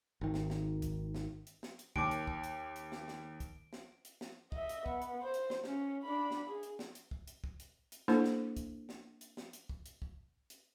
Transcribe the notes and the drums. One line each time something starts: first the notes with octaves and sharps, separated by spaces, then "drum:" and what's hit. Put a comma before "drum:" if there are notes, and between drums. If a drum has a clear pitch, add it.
G#1 D#3
drum: snare
drum: snare
drum: kick, hi-hat
drum: snare
drum: hi-hat
drum: snare
drum: hi-hat
D#2 D6 D7, drum: kick
drum: hi-hat
drum: kick
drum: hi-hat
drum: hi-hat
drum: snare
drum: snare
drum: kick, hi-hat
drum: snare
drum: hi-hat
drum: snare
D#5 E5, drum: kick
drum: hi-hat
B3, drum: kick
drum: hi-hat
C5
drum: hi-hat
drum: snare
C#4, drum: snare
D4 B5
drum: snare
G#4
drum: hi-hat
drum: snare
drum: hi-hat
drum: kick
drum: hi-hat
drum: kick
drum: hi-hat
drum: hi-hat
A#3 D4 E4 A4 C5, drum: snare
drum: snare
drum: kick, hi-hat
drum: snare
drum: hi-hat
drum: snare
drum: hi-hat
drum: kick
drum: hi-hat
drum: kick
drum: hi-hat